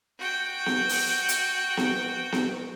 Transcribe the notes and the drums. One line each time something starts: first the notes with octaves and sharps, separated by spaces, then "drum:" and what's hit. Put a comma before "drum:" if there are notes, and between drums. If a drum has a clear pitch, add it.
F#4 G5
drum: snare B3
drum: open hi-hat
drum: hi-hat
drum: snare B3
drum: snare B3